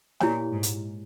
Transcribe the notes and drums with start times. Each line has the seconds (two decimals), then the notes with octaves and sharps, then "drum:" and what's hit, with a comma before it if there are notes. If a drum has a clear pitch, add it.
0.20 A#2 E4 G4 C#5 G#5, drum: snare B3
0.52 G#2
0.63 drum: hi-hat